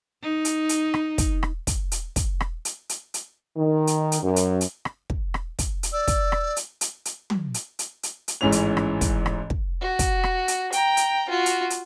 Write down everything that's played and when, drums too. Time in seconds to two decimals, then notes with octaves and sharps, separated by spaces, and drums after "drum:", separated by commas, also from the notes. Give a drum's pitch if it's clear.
0.22 D#4
0.45 drum: hi-hat
0.69 drum: hi-hat
0.94 drum: rim click
1.18 drum: kick, hi-hat
1.43 drum: rim click
1.67 drum: kick, hi-hat
1.92 drum: hi-hat
2.16 drum: kick, hi-hat
2.40 drum: rim click
2.65 drum: hi-hat
2.89 drum: hi-hat
3.14 drum: hi-hat
3.57 D#3
3.87 drum: hi-hat
4.12 drum: hi-hat
4.22 F#2
4.36 drum: hi-hat
4.61 drum: hi-hat
4.85 drum: rim click
5.10 drum: kick
5.34 drum: rim click
5.59 drum: kick, hi-hat
5.83 drum: hi-hat
5.92 D5 E6
6.08 drum: kick, hi-hat
6.32 drum: rim click
6.56 drum: hi-hat
6.81 drum: hi-hat
7.05 drum: hi-hat
7.30 drum: tom
7.54 drum: hi-hat
7.79 drum: hi-hat
8.03 drum: hi-hat
8.28 drum: hi-hat
8.41 A1 G#2 E3 C#4 F7
8.52 drum: hi-hat
8.77 drum: rim click
9.01 drum: kick, hi-hat
9.26 drum: rim click
9.50 drum: kick
9.81 F#4
9.99 drum: kick, hi-hat
10.24 drum: rim click
10.48 drum: hi-hat
10.72 G5 A#5, drum: hi-hat
10.97 drum: hi-hat
11.29 F4 F#4
11.46 drum: hi-hat
11.70 drum: hi-hat